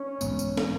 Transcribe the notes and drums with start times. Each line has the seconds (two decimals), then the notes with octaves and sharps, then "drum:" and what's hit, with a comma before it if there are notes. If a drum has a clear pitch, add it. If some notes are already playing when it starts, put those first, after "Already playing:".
Already playing: C#4
0.21 G#2 E3 B3, drum: tambourine
0.39 drum: tambourine
0.57 drum: snare